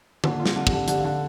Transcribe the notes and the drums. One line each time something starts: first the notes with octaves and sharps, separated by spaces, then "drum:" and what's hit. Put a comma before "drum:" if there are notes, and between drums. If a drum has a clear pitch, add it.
D3 A#3, drum: tom D3
F4
C4, drum: snare
D3
G4, drum: kick
D3
D3 G4, drum: hi-hat
F5
D3 D5